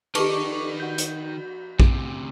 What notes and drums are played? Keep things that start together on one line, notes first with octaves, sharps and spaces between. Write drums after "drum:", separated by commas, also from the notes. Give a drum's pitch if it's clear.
D#3 D#4 G4 A4 B4 C#6 D6, drum: cymbal
F#4 G6
drum: hi-hat
D2 C3, drum: kick A#1